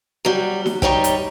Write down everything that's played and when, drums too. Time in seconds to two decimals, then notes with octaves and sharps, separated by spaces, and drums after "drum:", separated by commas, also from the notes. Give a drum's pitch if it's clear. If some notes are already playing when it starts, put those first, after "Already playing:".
0.25 F#3 G3
0.66 drum: snare D#4
0.82 G3 D#4 C#5 G5, drum: kick
1.04 drum: hi-hat